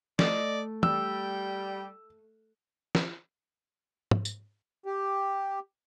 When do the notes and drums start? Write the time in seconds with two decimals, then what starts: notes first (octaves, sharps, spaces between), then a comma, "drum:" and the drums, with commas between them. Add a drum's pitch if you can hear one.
0.19 A3 D5 D#5, drum: snare
0.83 G3 G5 E6, drum: tom
2.95 drum: snare
4.11 drum: tom
4.25 drum: tambourine
4.86 G4